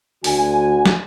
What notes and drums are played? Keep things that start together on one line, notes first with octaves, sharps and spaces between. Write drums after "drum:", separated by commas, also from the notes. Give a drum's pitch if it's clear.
D2 D3 F#4 G#5, drum: open hi-hat
drum: snare